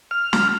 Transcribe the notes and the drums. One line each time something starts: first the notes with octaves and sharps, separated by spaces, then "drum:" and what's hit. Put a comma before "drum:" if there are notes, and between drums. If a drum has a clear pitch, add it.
F6
drum: snare